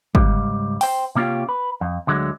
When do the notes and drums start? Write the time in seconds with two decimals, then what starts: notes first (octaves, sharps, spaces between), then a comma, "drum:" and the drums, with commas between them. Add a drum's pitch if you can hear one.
0.15 C#2 G#2 G3, drum: kick
0.81 C5 G5, drum: open hi-hat
1.15 C3 A#3 C#4 F4 G4
1.49 B4
1.81 F2
2.07 D2 D3 F#3 G#3